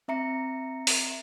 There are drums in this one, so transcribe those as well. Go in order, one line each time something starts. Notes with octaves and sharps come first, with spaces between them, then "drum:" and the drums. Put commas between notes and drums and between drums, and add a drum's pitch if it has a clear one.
C4 E5 A#5 C#7
drum: open hi-hat